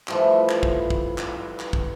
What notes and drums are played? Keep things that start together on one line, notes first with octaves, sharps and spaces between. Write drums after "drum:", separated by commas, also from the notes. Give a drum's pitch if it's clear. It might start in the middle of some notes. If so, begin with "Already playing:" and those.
A2 E3 F3 G3, drum: clap
drum: clap
drum: kick
drum: kick
drum: clap
drum: clap
drum: kick